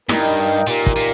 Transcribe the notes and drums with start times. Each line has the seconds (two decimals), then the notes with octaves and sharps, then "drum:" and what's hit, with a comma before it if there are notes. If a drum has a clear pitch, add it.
0.09 G2 D#4 A#4 D#5 G5, drum: snare E4
0.67 A#2 D#4 G4 A#4
0.86 drum: kick
0.96 A#2